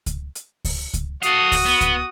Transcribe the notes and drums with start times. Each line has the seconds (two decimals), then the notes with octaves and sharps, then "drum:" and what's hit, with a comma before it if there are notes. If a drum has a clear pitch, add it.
0.06 drum: kick C#2, hi-hat
0.35 drum: hi-hat
0.65 drum: kick C#2, open hi-hat
0.94 drum: kick C#2, hi-hat
1.23 F#4 A4 F5 D#6, drum: hi-hat
1.52 drum: kick C#2, open hi-hat
1.66 B3
1.81 drum: kick C#2, hi-hat